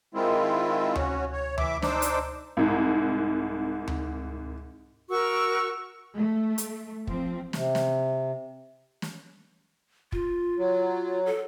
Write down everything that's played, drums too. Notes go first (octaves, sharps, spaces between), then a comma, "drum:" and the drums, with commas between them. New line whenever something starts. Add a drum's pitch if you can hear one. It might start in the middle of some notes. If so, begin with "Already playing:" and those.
D#3 G#3 C4 E4 F4
C#4 F#4, drum: tom D2
C#5
E3 E5 D6, drum: tom D2
D4 D#4 C5 D6 E6, drum: snare
drum: hi-hat
C2 G#2
drum: tom D2
F#4 A#4 C#6 E6
A3
drum: hi-hat
F3 C4, drum: kick
C3, drum: snare
drum: snare
drum: snare
F4, drum: kick
F#3
A4